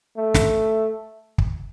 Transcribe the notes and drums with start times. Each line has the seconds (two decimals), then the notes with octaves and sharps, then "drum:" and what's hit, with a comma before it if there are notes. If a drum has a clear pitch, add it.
0.17 A3
0.34 drum: snare
1.38 drum: kick